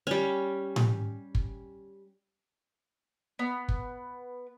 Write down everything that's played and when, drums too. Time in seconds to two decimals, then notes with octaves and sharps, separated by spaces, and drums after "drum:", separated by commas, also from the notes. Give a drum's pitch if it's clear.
0.07 G3 C#4
0.76 drum: tom A2
1.35 drum: kick
3.39 B3
3.68 drum: kick